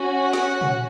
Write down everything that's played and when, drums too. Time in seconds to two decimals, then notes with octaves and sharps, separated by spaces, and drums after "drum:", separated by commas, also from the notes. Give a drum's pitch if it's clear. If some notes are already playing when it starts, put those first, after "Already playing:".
Already playing: C#4 F#4
0.18 F#5
0.33 drum: snare
0.61 drum: tom A#2